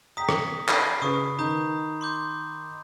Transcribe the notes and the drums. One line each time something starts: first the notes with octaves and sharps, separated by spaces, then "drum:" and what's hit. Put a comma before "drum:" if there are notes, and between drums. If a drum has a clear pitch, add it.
G5 A#5 D#6 B6
drum: rim click
B5 E6 C7, drum: clap
C#3 B4 C#6 D#6
D#3 A#5 D#6 G6
C6 D6 G6